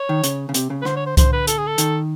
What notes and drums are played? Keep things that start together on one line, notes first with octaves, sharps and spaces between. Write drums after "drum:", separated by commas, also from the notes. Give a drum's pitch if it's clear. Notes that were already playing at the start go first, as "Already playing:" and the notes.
Already playing: C#5
D#3
C#3, drum: hi-hat
C#3
C3, drum: hi-hat
C#3
B4
D3 C5, drum: rim click
C#5
C5
D3 C5, drum: kick C2, hi-hat
B4
A4, drum: hi-hat
G#4
A4
D#3, drum: hi-hat